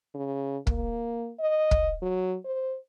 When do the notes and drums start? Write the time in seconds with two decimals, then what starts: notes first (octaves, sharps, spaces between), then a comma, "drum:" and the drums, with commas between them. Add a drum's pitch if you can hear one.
0.14 C#3
0.67 A#3, drum: kick
1.40 D#5
1.71 drum: kick
2.02 F#3
2.45 C5